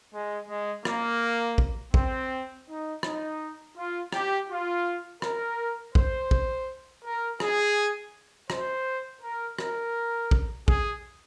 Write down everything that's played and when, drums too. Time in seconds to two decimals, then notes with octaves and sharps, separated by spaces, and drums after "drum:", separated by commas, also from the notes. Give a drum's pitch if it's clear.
0.13 G#3
0.49 G#3
0.85 A#3, drum: rim click
1.58 drum: kick
1.94 C4, drum: kick
2.68 D#4
3.03 D#4, drum: rim click
3.77 F4
4.13 G4, drum: rim click
4.49 F4
5.22 A#4, drum: rim click
5.95 C5, drum: kick
6.31 drum: kick
7.05 A#4
7.40 G#4, drum: rim click
8.50 C5, drum: rim click
9.22 A#4
9.59 A#4, drum: rim click
10.31 drum: kick
10.68 G#4, drum: kick